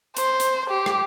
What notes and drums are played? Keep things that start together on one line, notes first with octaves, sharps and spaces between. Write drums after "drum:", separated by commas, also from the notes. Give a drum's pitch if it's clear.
C5, drum: hi-hat
drum: hi-hat
G4
drum: rim click